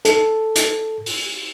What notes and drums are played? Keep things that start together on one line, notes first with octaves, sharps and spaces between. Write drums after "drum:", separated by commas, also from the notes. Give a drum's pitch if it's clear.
A4, drum: hi-hat
drum: hi-hat
drum: open hi-hat